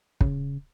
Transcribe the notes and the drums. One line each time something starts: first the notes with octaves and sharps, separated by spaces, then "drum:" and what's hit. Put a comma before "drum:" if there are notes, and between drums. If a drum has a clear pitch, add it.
C#3, drum: kick